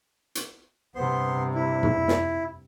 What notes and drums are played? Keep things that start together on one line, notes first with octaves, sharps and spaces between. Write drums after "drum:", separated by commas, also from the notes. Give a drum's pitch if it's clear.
drum: hi-hat
G2 C3 B3 C5 C6
E4
drum: tom
drum: snare